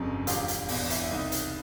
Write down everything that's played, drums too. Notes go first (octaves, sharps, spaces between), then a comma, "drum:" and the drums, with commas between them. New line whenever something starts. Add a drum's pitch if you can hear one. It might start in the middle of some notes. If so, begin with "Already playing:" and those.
Already playing: G1 F2 C#3 F#3
E1 F4 G4, drum: hi-hat
drum: hi-hat
E2 B2, drum: open hi-hat
E4, drum: hi-hat
C2 D#4
drum: hi-hat